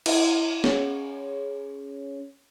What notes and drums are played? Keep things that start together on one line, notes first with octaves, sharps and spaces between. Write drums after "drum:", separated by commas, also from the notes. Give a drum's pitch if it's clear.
E4, drum: cymbal
C#4 G#4 C#5, drum: snare